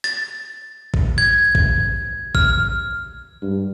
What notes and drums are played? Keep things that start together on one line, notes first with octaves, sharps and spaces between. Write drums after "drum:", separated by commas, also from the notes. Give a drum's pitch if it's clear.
A6, drum: hi-hat
drum: kick
G#6
drum: kick
F6, drum: kick
G2